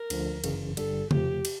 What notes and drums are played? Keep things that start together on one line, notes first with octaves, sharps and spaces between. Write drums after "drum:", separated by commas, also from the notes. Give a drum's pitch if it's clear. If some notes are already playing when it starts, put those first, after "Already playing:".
Already playing: A#4
D2 D3 F3, drum: cymbal
G1 F#2 C#3 E3, drum: cymbal
G#1 G2 D3 G3 A4, drum: cymbal
F2 C3 F3 A3 G4, drum: tom C#3
drum: cymbal